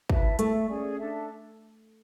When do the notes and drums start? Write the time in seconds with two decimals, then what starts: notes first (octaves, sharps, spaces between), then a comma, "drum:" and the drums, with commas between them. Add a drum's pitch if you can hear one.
0.09 E4 B4 E5 A5, drum: kick
0.39 A3 A4 E5 A5, drum: hi-hat
0.68 C#4 G#4 D5 G#5
0.98 D4 A4 E5 A5